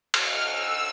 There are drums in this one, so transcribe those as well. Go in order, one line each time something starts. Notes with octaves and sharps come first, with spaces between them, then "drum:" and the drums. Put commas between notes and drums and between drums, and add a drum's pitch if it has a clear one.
F6, drum: cymbal
E6